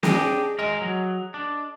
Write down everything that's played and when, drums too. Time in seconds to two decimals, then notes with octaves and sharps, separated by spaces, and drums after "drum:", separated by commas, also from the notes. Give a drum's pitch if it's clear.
0.03 D4 G4 G#4 D#5, drum: snare
0.59 G#3 A#4 D#5
0.81 F#3
1.34 D4